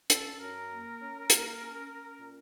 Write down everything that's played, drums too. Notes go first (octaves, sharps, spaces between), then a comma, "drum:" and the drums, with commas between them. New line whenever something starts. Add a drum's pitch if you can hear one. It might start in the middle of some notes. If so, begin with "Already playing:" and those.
C#4 A4, drum: hi-hat
F#2 A#4
A#3
C#4
A#3, drum: hi-hat
C#4
C#4
A#2